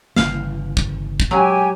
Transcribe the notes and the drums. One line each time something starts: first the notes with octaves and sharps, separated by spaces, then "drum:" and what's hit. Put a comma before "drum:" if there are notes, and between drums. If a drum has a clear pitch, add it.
G1 C#3 E3 F5, drum: snare
drum: kick
drum: kick
F#3 G#3 G4 G#5